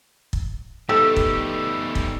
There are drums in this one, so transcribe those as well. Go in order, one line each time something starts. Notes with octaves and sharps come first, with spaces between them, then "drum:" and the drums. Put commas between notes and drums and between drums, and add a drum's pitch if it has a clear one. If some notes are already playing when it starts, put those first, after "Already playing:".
drum: kick
G3 A3 B3 D#4 G4 A4 E6
drum: kick
drum: kick